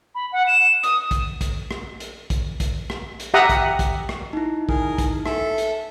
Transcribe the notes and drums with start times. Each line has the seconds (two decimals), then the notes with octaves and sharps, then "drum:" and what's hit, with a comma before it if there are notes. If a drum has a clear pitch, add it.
0.15 B5
0.33 F#5
0.47 E7
0.83 D#6, drum: hi-hat
1.11 drum: kick, hi-hat
1.41 drum: kick, hi-hat
1.71 drum: rim click
2.00 drum: hi-hat
2.30 drum: kick, hi-hat
2.60 drum: kick, hi-hat
2.90 drum: rim click
3.20 drum: hi-hat
3.34 G4 E5 F#5 A#5 D#6
3.49 drum: kick, hi-hat
3.79 drum: kick, hi-hat
4.09 drum: rim click
4.33 D#4 E4
4.69 G#4 A#4, drum: kick
4.98 drum: kick, hi-hat
5.26 A4 E5, drum: rim click
5.58 drum: hi-hat